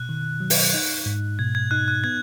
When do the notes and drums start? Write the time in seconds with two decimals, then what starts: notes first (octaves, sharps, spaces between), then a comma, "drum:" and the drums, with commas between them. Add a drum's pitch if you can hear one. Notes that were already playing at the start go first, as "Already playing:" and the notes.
Already playing: B2 F#6
0.09 D#3
0.40 F#3
0.50 drum: open hi-hat
0.74 D#4
1.06 G#2
1.39 B2 G#6
1.55 G#6
1.71 D#4 F#6
1.88 F#6
2.04 B3 G#6